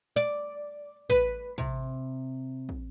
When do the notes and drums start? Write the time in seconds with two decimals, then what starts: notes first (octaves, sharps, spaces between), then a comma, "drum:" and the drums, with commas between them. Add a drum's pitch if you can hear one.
0.16 D5
1.10 B4, drum: kick
1.58 C3, drum: kick
2.69 drum: kick